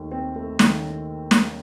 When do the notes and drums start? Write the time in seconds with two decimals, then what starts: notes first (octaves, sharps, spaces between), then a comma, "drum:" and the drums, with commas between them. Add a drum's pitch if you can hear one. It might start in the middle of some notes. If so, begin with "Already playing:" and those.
Already playing: D#2 D#3 A3
0.12 C4
0.36 A3
0.59 D#3, drum: snare
1.31 drum: snare